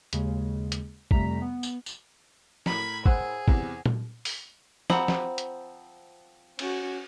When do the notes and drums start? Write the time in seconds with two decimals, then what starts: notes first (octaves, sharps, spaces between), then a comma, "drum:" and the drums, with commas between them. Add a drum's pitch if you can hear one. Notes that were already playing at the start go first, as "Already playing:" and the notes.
0.13 D#2 C#3 G#3, drum: hi-hat
0.72 drum: hi-hat
1.11 F2 C3 G3 A3 A#5 B6, drum: kick
1.42 B3
1.63 drum: tambourine
1.86 drum: tambourine
2.66 A2 A#4 B5 G#6, drum: snare
3.06 G#4 C5 F#5 E6, drum: kick
3.48 E2 C3, drum: kick
3.86 drum: tom A#2
4.25 drum: open hi-hat
4.90 F3 C4 F#5 A#5 B5, drum: snare
5.08 drum: snare
5.38 drum: hi-hat
6.59 C#4 F#4, drum: cymbal